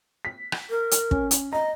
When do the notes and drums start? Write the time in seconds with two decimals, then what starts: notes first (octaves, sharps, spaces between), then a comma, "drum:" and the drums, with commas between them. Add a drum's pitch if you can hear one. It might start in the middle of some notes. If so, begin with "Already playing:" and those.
0.25 B6
0.52 drum: rim click
0.70 A#4
0.91 drum: hi-hat
1.11 C#4, drum: kick
1.31 drum: hi-hat
1.53 D#5 A#5